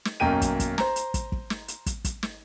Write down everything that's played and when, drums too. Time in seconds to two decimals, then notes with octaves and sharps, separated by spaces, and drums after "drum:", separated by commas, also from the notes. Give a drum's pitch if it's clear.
0.05 drum: snare
0.20 B1 F#2 A#3 G5 D#7
0.42 drum: kick, hi-hat
0.60 drum: kick, hi-hat
0.78 C5 A#5, drum: snare
0.96 drum: hi-hat
1.14 drum: kick, hi-hat
1.32 drum: kick
1.50 drum: snare
1.68 drum: hi-hat
1.86 drum: kick, hi-hat
2.05 drum: kick, hi-hat
2.23 drum: snare